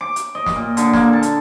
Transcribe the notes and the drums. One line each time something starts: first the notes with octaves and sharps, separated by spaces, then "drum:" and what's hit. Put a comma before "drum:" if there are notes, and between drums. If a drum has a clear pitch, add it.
D6
drum: hi-hat
D#5
drum: snare
A#2
D3, drum: hi-hat
A#3, drum: snare
A5
drum: hi-hat